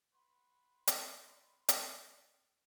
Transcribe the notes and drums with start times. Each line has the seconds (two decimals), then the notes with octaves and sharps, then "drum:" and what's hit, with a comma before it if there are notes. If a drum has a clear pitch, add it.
0.14 B4 F#5 C6 C#6
0.87 drum: hi-hat
1.68 drum: hi-hat